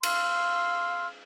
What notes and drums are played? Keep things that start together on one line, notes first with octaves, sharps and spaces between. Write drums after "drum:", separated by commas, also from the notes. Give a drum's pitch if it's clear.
F5 C6 E6 F6, drum: cymbal